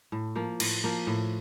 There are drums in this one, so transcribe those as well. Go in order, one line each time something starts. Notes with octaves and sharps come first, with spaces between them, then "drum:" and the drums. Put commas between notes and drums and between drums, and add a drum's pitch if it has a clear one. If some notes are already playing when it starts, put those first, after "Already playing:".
A2
F3 A#3
A2, drum: cymbal
F3 A#3
A2